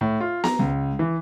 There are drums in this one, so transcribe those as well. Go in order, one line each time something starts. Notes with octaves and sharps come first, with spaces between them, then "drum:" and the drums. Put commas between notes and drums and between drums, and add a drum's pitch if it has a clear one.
A2
F4
A#5, drum: snare B3
C#2
E3